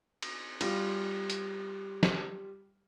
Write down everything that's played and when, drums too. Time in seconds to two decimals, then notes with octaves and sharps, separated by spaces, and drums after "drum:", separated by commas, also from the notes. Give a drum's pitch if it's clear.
0.22 drum: cymbal
0.61 G3 F4, drum: cymbal
1.30 drum: hi-hat
2.03 drum: snare